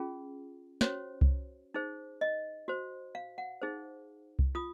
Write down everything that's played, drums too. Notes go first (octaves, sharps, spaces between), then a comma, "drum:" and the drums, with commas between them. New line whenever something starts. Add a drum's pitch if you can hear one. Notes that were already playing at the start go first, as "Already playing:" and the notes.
Already playing: C#4 F4 G#4
C#4 F#4 C5 C#5, drum: snare
drum: kick C2
D#4 G#4 C5
D#5
F#4 C5
F5
F#5
D#4 G#4 C5
drum: kick C2
F4 D#6